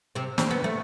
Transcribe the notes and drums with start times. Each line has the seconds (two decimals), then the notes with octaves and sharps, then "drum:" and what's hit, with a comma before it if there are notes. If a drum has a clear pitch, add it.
0.15 C3 C4
0.38 C4, drum: snare
0.51 B3
0.64 A3